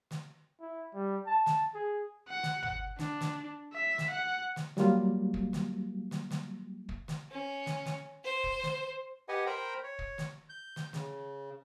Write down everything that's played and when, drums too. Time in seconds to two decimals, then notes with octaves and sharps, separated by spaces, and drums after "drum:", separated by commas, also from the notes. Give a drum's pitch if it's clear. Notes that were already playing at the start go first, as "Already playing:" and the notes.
0.11 drum: snare
0.61 E4
0.95 G3
1.27 A5
1.46 drum: snare
1.74 G#4
2.29 F#5
2.43 drum: snare
2.62 drum: tom
2.99 D4, drum: snare
3.21 drum: snare
3.73 E5
3.98 drum: snare
4.10 F#5
4.56 drum: snare
4.77 F#3 G3 A#3 F4, drum: snare
5.34 drum: kick
5.53 drum: snare
6.11 drum: snare
6.31 drum: snare
6.89 drum: kick
7.08 drum: snare
7.31 C#4
7.66 drum: snare
7.86 drum: snare
8.24 C5
8.44 drum: kick
8.63 drum: snare
9.29 G4 B4 D#5 F#5 G#5
9.46 A#4 C5 G5 A#5 B5
9.83 C#5
9.99 drum: kick
10.18 drum: snare
10.49 G6
10.76 drum: snare
10.93 C#3, drum: snare